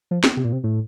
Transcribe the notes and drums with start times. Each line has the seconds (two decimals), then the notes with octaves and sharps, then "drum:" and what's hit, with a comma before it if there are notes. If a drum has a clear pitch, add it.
0.11 F3
0.24 drum: snare
0.37 C3
0.44 A#2
0.53 C3
0.64 A2